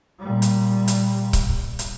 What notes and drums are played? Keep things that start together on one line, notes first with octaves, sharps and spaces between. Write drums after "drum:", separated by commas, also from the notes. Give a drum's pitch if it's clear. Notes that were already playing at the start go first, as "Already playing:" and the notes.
A#2 G3
drum: hi-hat
drum: hi-hat
drum: kick C#1, hi-hat
drum: hi-hat